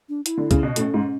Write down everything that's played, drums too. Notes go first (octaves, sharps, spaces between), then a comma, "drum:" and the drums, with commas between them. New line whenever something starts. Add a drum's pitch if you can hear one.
D4
E4, drum: hi-hat
D3
C#3, drum: kick C2, hi-hat
B2
A2 C#4, drum: hi-hat
G#2